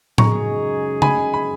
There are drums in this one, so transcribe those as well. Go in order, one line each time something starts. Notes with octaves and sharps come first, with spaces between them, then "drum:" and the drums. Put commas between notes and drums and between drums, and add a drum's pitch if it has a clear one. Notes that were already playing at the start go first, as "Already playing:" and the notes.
F#2 C#3 G#3 D#4 G#4 A#5 C#6, drum: tom A2
G#5 B5, drum: tom C#3
B5